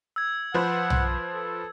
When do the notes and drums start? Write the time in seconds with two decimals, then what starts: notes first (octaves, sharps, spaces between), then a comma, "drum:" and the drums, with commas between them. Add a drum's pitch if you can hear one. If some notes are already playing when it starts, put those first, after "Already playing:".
0.16 E6 G#6
0.54 F3 B4 C5 F#5
0.90 drum: tom
1.34 A4